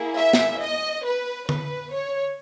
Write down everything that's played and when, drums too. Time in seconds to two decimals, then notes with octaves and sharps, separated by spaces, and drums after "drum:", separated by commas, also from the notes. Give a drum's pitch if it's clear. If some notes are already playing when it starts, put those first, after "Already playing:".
Already playing: A#3 E4 G#4
0.17 E5
0.33 drum: snare
0.62 D#5
1.06 B4
1.49 B4, drum: tom D3
1.93 C#5